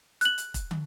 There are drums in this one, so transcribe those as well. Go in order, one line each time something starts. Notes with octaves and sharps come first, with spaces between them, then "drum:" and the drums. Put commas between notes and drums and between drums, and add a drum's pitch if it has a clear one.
F#6 F#7, drum: hi-hat
drum: hi-hat
drum: kick E1, hi-hat
drum: tom